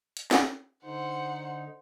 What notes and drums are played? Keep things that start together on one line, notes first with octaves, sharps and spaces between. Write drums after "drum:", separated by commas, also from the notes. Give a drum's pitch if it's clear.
drum: hi-hat
drum: snare
D3 D#4 C5 F#5